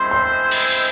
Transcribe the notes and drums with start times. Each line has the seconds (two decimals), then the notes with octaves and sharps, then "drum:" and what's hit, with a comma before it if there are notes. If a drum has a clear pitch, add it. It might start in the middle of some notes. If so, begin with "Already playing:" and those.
Already playing: G#3 C4 E4 C5 C6
0.11 C6
0.51 drum: cymbal